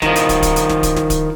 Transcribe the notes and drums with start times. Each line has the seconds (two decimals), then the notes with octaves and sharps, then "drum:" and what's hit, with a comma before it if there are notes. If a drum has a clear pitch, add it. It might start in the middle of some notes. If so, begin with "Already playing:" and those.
0.02 D#3 F3, drum: snare
0.16 drum: hi-hat
0.29 drum: kick, hi-hat
0.42 drum: kick, hi-hat
0.56 drum: hi-hat
0.69 drum: snare
0.83 drum: kick, hi-hat
0.96 drum: snare
1.10 drum: kick, hi-hat